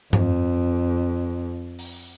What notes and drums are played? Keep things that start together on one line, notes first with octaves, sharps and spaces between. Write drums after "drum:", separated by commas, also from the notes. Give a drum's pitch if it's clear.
F2, drum: tom G2
drum: open hi-hat